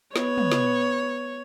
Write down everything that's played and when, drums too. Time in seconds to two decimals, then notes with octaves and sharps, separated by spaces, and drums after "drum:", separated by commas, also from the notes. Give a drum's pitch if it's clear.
0.16 B3 C#5, drum: snare
0.38 drum: tom
0.52 drum: snare